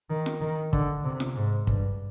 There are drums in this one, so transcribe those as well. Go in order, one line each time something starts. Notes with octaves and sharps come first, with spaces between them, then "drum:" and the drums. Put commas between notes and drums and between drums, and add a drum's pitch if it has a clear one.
D#3
drum: snare F4
D#3
D3, drum: kick
C3
drum: snare F4
G#2
G2, drum: kick